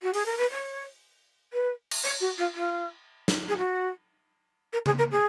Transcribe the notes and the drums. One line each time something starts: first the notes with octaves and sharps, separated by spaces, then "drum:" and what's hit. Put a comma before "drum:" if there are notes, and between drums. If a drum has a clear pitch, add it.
F#4
G#4, drum: open hi-hat
A#4
B4
C#5
B4
drum: cymbal
C#5
F#4
F4
F4
drum: snare
G#4
F#4
A#4
G#4, drum: tom C#3
A#4
G#4